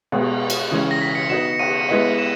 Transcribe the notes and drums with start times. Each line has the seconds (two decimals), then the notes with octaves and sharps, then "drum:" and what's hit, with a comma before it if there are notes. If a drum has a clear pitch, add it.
0.12 B2 G#3 B3, drum: cymbal
0.50 drum: cymbal
0.71 C#3 E3 G#3 C#4
0.91 A#6
1.01 B6
1.15 C#7
1.29 B3 D#4 F#4 E7
1.53 C#7
1.59 D#7, drum: cymbal
1.70 C#7
1.79 D#7
1.89 G#3 B3 E4 B4 D#5
2.18 E7